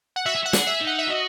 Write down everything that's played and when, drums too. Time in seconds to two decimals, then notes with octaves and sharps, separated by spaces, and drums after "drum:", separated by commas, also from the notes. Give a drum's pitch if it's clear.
0.16 F#5
0.26 F#4 E5
0.35 G#4
0.43 F#4 F#5
0.53 G#4, drum: snare
0.67 E5
0.80 D#4
0.87 F#5
0.99 E5
1.07 F#4 D#5